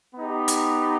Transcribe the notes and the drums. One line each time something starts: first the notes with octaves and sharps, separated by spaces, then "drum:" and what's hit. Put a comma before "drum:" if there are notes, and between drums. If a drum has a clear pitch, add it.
B3 D#4 G4
drum: hi-hat